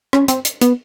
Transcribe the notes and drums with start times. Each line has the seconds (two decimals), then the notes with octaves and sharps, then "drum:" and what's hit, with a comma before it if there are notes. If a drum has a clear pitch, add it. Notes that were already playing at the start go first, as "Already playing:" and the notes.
0.13 C#4, drum: rim click
0.28 C4, drum: hi-hat
0.45 drum: hi-hat
0.61 B3, drum: hi-hat